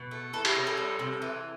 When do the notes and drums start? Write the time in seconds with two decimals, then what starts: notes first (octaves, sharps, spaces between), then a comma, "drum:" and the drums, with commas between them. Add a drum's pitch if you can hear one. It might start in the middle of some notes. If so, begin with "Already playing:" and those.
Already playing: B2
0.11 A3
0.33 E3 A4
0.45 G4, drum: cymbal
0.55 C3
0.67 A4
0.77 G3
0.99 C3
1.22 E3